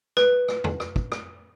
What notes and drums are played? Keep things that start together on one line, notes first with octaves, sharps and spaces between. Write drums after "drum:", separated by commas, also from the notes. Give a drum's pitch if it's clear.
B4, drum: rim click
drum: rim click
drum: tom E2
drum: rim click
drum: kick
drum: rim click